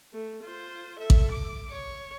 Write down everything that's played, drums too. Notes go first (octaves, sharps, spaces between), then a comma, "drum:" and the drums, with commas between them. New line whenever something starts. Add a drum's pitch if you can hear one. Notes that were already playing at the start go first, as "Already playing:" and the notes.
A3
F4 C5
A4 E5
drum: kick A1
D6
C#5